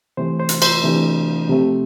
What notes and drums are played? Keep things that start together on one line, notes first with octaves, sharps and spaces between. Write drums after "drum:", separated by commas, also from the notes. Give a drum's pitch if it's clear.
C3 E3 A3 C5
C5
drum: hi-hat
C5, drum: cymbal
C3 E3 A3 D4
C3 F3 A3 C4